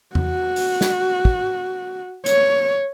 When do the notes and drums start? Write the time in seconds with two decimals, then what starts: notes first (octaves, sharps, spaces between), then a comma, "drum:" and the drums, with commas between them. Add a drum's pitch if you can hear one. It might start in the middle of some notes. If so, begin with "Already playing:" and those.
0.15 F#4, drum: tom E2
0.56 drum: open hi-hat
0.81 drum: snare
1.25 drum: kick
2.26 C#5, drum: hi-hat